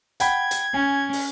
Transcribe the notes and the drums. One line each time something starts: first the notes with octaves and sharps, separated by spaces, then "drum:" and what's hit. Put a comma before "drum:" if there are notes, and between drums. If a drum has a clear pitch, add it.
F#5 G5 B5 G#6, drum: hi-hat
drum: hi-hat
C#4 G#5
drum: open hi-hat